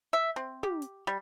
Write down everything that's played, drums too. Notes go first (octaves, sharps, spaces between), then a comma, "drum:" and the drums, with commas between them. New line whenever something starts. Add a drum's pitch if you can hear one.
E5
C4
G4, drum: tom
drum: hi-hat
G3